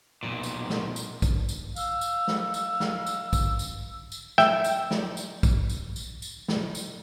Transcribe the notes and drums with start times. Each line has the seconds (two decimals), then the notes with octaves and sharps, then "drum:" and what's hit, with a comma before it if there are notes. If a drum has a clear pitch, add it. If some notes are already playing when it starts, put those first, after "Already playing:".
0.23 B1 A#2
0.43 drum: tambourine
0.70 drum: snare
0.96 drum: tambourine
1.22 drum: kick A#1, tambourine
1.49 drum: tambourine
1.76 F5 E6, drum: tambourine
2.01 drum: tambourine
2.28 drum: snare
2.54 drum: tambourine
2.80 drum: snare
3.06 drum: tambourine
3.33 drum: kick A#1, tambourine
3.59 drum: tambourine
4.12 drum: tambourine
4.38 E5 G5, drum: snare
4.64 drum: tambourine
4.91 drum: snare
5.17 drum: tambourine
5.43 drum: kick A#1, tambourine
5.70 drum: tambourine
5.96 drum: tambourine
6.22 drum: tambourine
6.48 drum: snare
6.75 drum: tambourine